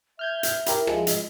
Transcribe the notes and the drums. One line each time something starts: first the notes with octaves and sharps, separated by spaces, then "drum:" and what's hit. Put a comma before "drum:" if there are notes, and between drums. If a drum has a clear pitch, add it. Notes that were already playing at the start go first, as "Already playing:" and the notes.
E5 F6 G6 G#6
drum: hi-hat
E4 G4 A#4, drum: hi-hat
F3 G#3 E4, drum: rim click
D#5, drum: hi-hat